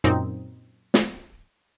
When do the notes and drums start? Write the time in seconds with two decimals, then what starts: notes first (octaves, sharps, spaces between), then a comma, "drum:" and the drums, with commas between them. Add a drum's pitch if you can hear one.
0.04 F#2 A#2 F#3 C4 D#4
0.94 drum: snare